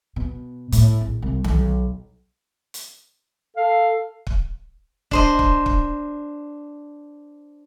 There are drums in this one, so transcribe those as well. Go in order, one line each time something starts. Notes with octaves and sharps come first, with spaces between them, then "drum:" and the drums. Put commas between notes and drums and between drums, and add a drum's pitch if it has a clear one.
B2
A2, drum: hi-hat
A#1
C2
B1, drum: tom D#3
drum: hi-hat
A4 F5
drum: kick
D4 C5 D#5, drum: kick
drum: kick
drum: kick